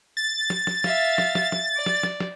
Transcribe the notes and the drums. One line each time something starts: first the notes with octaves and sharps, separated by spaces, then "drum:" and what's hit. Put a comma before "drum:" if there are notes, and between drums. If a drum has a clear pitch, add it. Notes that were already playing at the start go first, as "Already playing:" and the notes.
A6
drum: snare
drum: snare
E5 F5, drum: snare
drum: snare
drum: snare
drum: snare
D5
drum: snare
drum: snare
drum: snare